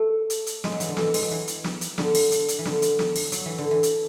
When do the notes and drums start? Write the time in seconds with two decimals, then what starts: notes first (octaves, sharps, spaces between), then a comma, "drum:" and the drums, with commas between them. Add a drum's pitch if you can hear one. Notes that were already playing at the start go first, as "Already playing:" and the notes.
Already playing: A3
0.30 drum: hi-hat
0.47 drum: hi-hat
0.64 G#3, drum: snare
0.72 F#3
0.80 E3, drum: hi-hat
0.89 D3
0.97 E3, drum: snare
1.14 G#3, drum: open hi-hat
1.22 F#3
1.31 E3
1.47 drum: hi-hat
1.64 drum: snare
1.81 drum: hi-hat
1.98 D3, drum: snare
2.15 drum: open hi-hat
2.32 drum: hi-hat
2.48 drum: hi-hat
2.59 E3
2.65 D3, drum: snare
2.82 drum: hi-hat
2.99 drum: snare
3.16 drum: open hi-hat
3.32 F#3, drum: hi-hat
3.46 E3
3.58 D3
3.71 E3
3.83 drum: hi-hat